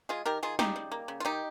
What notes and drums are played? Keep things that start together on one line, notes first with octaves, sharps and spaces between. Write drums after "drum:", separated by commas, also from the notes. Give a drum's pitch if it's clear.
G#3 F4 G#4
D#3 G4 A#4
D#3 F4 G#4
C#3 D#4 G4, drum: snare
G3
A#3
C#3
F4
D#3 D#4 G4